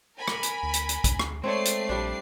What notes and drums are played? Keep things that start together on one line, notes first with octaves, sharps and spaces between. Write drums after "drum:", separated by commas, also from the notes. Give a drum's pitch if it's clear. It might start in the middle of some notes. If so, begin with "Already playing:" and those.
A#4 G#5 B5
drum: rim click
drum: hi-hat
D2
drum: hi-hat
drum: hi-hat
D2, drum: kick A#1, hi-hat
drum: rim click
G#3 A3 C4 C#5 D5 C7
drum: hi-hat
A#1 G3 D4